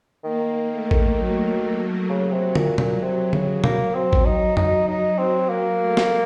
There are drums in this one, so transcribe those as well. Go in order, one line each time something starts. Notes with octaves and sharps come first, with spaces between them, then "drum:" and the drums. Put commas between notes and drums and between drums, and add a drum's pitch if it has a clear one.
D#3 A#3
A3
drum: kick
F#3
C#3
C3
A#2, drum: tom
A#2, drum: tom B2
C3 F#3
C#3, drum: tom D3
A#3, drum: tom B2
C4
drum: kick
D#4
D#4, drum: tom F2
F#3 D#4
C4
A#3
A3
drum: snare